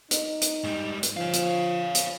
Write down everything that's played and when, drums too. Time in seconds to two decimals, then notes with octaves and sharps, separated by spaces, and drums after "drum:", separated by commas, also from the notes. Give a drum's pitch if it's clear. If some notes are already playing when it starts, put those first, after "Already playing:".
0.11 D#4, drum: hi-hat
0.41 drum: hi-hat
0.64 G#2 G3
1.03 drum: hi-hat
1.17 F3 C#5 F5
1.33 drum: hi-hat
1.95 drum: hi-hat